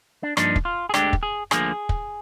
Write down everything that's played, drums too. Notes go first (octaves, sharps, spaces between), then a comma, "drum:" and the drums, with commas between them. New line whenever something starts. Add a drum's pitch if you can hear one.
D4
G2 F3 A#3 D4 D#4, drum: rim click
drum: kick
F4
G#4
D2 D3 G#3 D4 G4, drum: rim click
drum: kick
G#4
D2 D3 F3 A#3 G#4, drum: rim click
drum: kick